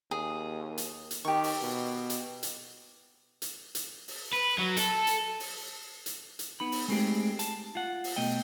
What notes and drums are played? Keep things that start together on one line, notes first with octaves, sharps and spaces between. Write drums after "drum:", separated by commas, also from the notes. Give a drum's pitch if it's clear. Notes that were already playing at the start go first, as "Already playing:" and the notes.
D#2 G#4
drum: hi-hat
drum: hi-hat
D#3 G4 C#6
drum: open hi-hat
B2
drum: hi-hat
drum: hi-hat
drum: hi-hat
drum: hi-hat
drum: open hi-hat
B4
F#3
A4, drum: hi-hat
drum: hi-hat
drum: open hi-hat
drum: hi-hat
drum: hi-hat
B3 D#4 B5
drum: open hi-hat
G#3 A3 C4 D#4 G4 G#4
A5, drum: hi-hat
F4 F#5
drum: open hi-hat
B2 A3 D#5 G5